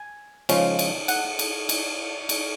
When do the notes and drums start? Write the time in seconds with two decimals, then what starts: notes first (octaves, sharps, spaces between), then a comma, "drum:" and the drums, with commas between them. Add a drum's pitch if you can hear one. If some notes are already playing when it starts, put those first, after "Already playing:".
Already playing: G#5
0.49 C#3 F3 G#3 C#4, drum: cymbal
0.79 drum: cymbal
1.08 F#5, drum: cymbal
1.39 drum: cymbal
1.69 drum: cymbal
2.29 drum: cymbal